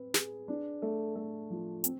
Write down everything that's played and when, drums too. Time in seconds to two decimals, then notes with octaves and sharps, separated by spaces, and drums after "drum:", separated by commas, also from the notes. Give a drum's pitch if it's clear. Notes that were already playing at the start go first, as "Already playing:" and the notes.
Already playing: C4 B4
0.14 G#4, drum: snare
0.48 D4
0.82 A3
1.16 A3
1.50 F3
1.84 C4, drum: hi-hat